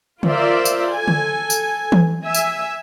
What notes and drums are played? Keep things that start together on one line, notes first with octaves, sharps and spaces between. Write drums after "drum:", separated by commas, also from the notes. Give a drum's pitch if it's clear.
F4 A#4 C5 D5 E5, drum: tom D3
drum: tambourine
A4 G#5
drum: tom D3
drum: tambourine
drum: tom E3
E5 G#5
drum: tambourine